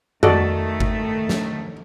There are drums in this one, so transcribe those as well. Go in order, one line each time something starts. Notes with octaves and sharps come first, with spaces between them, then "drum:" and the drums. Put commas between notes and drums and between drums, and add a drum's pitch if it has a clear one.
D#3 A3 F#4 A4 D5 D#5, drum: tom F2
drum: kick G1
drum: snare